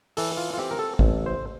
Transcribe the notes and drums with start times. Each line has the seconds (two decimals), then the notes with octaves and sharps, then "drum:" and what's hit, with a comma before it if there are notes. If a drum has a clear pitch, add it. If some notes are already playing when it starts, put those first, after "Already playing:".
0.17 E3 A4, drum: open hi-hat
0.37 F4
0.54 F4
0.58 C4 G4
0.71 A#4
0.79 A4
0.99 A1, drum: kick G#1
1.26 C5